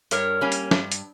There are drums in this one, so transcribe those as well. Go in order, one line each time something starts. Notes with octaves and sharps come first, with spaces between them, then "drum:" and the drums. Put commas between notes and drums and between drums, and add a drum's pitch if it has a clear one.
G2 A#4 C#5, drum: hi-hat
G3 A#3 C#4
drum: hi-hat
G2, drum: snare
drum: hi-hat